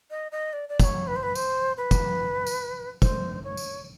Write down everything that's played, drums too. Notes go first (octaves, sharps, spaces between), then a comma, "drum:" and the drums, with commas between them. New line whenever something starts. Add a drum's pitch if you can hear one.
D#5
D#5
D5
D5
D5, drum: kick, tambourine
C#5
B4
C5
B4
C5, drum: tambourine
B4
drum: kick, tambourine
drum: tambourine
C5, drum: kick, tambourine
C#5
drum: tambourine